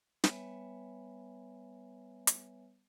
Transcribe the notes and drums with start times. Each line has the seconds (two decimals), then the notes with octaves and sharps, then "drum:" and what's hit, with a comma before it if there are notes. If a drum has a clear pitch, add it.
0.24 G3 B3 B4 C#5 E5 G#5, drum: snare
2.27 drum: hi-hat